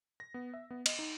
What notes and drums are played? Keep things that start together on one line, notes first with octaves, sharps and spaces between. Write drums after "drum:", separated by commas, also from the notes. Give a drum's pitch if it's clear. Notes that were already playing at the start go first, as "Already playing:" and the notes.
A#6
B3
E5
B3
D#5, drum: cymbal
D#4